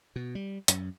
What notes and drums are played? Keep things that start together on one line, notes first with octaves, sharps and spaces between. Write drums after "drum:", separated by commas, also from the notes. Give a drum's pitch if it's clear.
B2
G3
F#2, drum: hi-hat